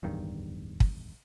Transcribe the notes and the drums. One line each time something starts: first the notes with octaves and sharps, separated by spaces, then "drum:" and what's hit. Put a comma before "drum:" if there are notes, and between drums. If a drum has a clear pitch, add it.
D1 E2 G2 D#3
drum: kick